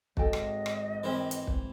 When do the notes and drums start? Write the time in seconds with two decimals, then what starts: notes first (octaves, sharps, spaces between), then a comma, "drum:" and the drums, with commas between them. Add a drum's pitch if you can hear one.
0.17 G#1 F#4 A4 D#5 G5, drum: kick
0.33 drum: rim click
0.66 drum: rim click
1.03 E3 C4 G4 A#4 B4
1.31 drum: hi-hat
1.47 drum: kick